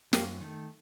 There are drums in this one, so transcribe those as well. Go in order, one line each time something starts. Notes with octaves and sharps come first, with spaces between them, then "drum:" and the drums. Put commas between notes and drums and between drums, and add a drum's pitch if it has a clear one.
F#2 G3 A#3, drum: snare
D#3 A3